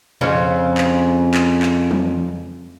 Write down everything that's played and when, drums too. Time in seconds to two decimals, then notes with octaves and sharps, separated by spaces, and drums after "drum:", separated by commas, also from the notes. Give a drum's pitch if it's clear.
0.21 F2 C#3 C#4
0.78 drum: clap
1.34 drum: clap
1.63 drum: clap
1.91 drum: tom E3